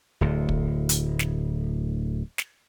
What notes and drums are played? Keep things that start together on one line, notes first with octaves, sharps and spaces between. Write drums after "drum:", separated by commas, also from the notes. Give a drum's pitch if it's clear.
D1 D2
drum: kick
drum: hi-hat
drum: snare
drum: snare